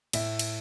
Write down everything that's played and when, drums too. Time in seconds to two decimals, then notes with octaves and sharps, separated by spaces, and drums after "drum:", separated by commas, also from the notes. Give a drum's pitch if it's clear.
0.13 A2 E5, drum: cymbal
0.39 drum: cymbal